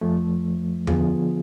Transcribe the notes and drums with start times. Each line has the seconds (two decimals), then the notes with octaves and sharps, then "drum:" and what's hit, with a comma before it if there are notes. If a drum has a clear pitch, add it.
0.01 F2 F3 A3
0.87 D3 F3 B3 F4 G#4, drum: tom E2